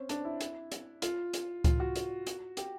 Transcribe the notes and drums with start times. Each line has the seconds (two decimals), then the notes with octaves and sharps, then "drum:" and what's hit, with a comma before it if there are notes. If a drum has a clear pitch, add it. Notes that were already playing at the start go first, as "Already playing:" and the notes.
Already playing: C4 C#4
0.09 D4, drum: hi-hat
0.25 E4
0.41 drum: hi-hat
0.72 drum: hi-hat
1.02 F4, drum: hi-hat
1.34 drum: hi-hat
1.64 F4, drum: kick C#2, hi-hat
1.80 F#4
1.96 drum: hi-hat
2.27 drum: hi-hat
2.57 G4, drum: hi-hat